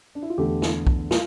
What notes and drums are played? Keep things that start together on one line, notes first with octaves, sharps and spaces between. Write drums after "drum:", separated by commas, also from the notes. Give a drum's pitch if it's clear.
D4
E4
F4
E2 D3 A3 G4
drum: snare
drum: kick
F4, drum: snare